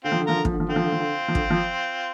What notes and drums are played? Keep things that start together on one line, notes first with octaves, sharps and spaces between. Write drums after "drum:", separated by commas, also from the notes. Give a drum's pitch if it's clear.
D3 C4 F4
F3
D3
F3 F4 A#4
D3
F3, drum: kick
D3
F3
D3 C4 F4
F3
D3
F3
D3
F3
D3, drum: kick
F3